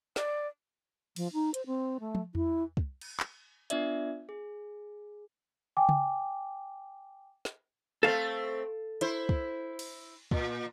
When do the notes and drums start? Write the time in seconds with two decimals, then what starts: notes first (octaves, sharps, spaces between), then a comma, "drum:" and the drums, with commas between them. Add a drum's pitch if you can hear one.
0.16 D5, drum: snare
1.16 F3, drum: cymbal
1.33 D#4
1.54 C5, drum: hi-hat
1.66 C4
2.00 A3
2.15 drum: tom
2.35 E4, drum: tom E2
2.77 drum: kick
3.01 drum: cymbal
3.20 drum: clap
3.70 B3 D4 F4 D5 E5, drum: hi-hat
4.29 G#4
5.77 G5 G#5 D6
5.89 drum: tom C#3
7.45 drum: snare
8.03 A3 C4 A4 F5
9.01 E4 C5, drum: hi-hat
9.29 drum: kick
9.79 drum: cymbal
10.31 A#2, drum: kick